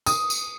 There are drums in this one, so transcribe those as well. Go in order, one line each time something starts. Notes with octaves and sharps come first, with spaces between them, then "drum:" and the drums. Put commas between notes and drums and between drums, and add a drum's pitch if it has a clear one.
D#6, drum: tambourine
drum: tambourine